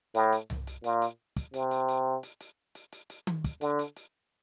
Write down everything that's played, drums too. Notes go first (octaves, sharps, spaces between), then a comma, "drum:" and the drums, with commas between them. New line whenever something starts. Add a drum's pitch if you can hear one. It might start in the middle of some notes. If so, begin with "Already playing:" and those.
A2, drum: hi-hat
drum: hi-hat
drum: tom C2
drum: hi-hat
A#2, drum: hi-hat
drum: hi-hat
drum: kick, hi-hat
C3, drum: hi-hat
drum: hi-hat
drum: hi-hat
drum: hi-hat
drum: hi-hat
drum: hi-hat
drum: hi-hat
drum: hi-hat
drum: tom D#3
drum: kick, hi-hat
D3, drum: hi-hat
drum: hi-hat
drum: hi-hat